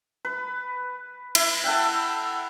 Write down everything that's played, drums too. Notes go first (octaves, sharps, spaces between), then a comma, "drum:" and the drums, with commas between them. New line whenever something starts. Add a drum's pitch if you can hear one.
B4
E4, drum: cymbal
A4 F#5 G5